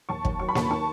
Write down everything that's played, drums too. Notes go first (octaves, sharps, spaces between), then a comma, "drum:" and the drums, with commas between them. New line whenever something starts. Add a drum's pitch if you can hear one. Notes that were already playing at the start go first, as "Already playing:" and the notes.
D#2 A5 C#6
D#2, drum: kick
F#3 C#6
B5
D#2 A5 C#6, drum: snare A#3
D#3 A5 C#6